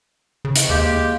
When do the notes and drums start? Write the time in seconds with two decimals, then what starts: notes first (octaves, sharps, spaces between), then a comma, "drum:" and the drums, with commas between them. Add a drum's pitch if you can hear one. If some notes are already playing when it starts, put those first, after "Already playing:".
0.45 C#3
0.56 drum: hi-hat
0.69 D#2 G#3 A#3 G4